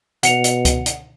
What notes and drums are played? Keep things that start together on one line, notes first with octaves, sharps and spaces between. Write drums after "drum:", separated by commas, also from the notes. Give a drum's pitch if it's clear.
B2 F#5 C#7 F7, drum: hi-hat
drum: hi-hat
drum: kick C#2, hi-hat
drum: hi-hat